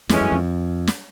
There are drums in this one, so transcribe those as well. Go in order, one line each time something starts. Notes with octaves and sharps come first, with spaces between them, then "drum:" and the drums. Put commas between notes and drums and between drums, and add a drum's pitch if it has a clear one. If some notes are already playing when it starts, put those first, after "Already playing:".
F2 A2 E3 G#3 C#4, drum: snare
F#2
F2
drum: snare